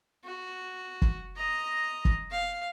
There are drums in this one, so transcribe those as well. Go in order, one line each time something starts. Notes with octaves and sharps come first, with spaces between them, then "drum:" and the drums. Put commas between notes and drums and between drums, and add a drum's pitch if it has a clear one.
F#4
drum: kick
D#5 A#5
drum: kick
F5